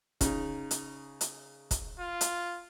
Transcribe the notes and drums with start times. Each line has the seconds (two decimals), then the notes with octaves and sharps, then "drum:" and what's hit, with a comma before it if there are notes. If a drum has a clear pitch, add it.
0.21 C#3 D#4, drum: kick, hi-hat
0.71 drum: hi-hat
1.21 drum: hi-hat
1.71 drum: kick, hi-hat
1.99 F4
2.21 drum: hi-hat